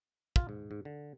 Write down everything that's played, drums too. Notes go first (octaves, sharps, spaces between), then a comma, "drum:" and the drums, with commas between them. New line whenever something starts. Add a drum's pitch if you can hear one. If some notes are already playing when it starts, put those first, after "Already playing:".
F4, drum: kick
G#2
G#2
D3